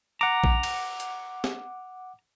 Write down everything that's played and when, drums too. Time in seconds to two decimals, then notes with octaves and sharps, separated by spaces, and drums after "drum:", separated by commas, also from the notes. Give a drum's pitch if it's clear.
0.21 F#5 A#5 D6
0.44 drum: kick
0.63 drum: cymbal
1.00 drum: hi-hat
1.44 drum: snare